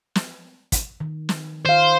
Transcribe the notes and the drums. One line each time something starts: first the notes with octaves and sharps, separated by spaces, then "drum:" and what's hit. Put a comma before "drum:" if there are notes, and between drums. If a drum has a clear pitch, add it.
drum: snare
drum: kick, hi-hat
D#3
drum: snare
D#3 C5 F5